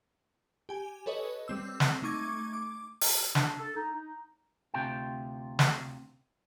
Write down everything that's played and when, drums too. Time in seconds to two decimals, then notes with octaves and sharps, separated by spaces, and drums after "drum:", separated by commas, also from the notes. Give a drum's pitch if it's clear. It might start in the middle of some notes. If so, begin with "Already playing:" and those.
0.69 G4 G#5
1.06 A4 B4 C#5 D#5
1.48 G3 C4 E6
1.80 drum: snare
2.03 A3 D#4 C#6 D6 G#6
2.53 D6
3.01 drum: open hi-hat
3.35 D4, drum: snare
3.59 A4
3.76 D#4
3.94 D#4
4.74 D2 C3 F4 G5
5.59 drum: snare